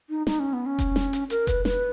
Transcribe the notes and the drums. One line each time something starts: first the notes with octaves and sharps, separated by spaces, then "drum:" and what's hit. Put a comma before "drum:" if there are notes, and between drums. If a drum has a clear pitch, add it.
D#4
D#4, drum: snare
C#4
B3
C#4
drum: kick F1, hi-hat
drum: snare
drum: hi-hat
A#4, drum: hi-hat
B4, drum: kick F1, hi-hat
B4, drum: snare